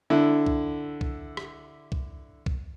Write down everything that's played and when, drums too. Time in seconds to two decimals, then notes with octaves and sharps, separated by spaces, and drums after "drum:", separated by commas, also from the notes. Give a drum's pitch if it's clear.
0.10 D3 E4
0.46 drum: kick C2
1.01 drum: kick C2
1.37 drum: rim click
1.92 drum: kick C2
2.46 drum: kick C2